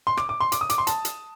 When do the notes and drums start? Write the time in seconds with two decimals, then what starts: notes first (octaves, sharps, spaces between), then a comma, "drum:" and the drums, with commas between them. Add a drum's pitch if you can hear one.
0.07 C6
0.17 D6, drum: rim click
0.29 D6
0.40 C6
0.52 D6, drum: hi-hat
0.61 D#6
0.70 D6, drum: hi-hat
0.78 C6
0.87 A5, drum: hi-hat
1.05 drum: hi-hat